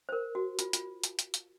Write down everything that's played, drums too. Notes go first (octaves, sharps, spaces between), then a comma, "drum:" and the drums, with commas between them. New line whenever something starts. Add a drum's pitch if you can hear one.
C5
A#4
F#4
F4, drum: hi-hat
F4, drum: hi-hat
drum: hi-hat
drum: hi-hat
drum: hi-hat